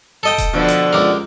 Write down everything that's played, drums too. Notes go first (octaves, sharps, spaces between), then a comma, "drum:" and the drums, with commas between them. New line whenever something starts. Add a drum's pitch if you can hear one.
A4 D#5 G5
drum: kick D#1, hi-hat
B2 D3 F3
drum: hi-hat
C#2 G4 A#4